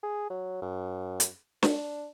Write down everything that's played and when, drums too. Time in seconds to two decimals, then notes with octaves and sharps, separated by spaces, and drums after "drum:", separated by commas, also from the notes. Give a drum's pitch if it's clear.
0.03 G#4
0.30 F#3
0.62 F#2
1.20 drum: hi-hat
1.63 D4, drum: snare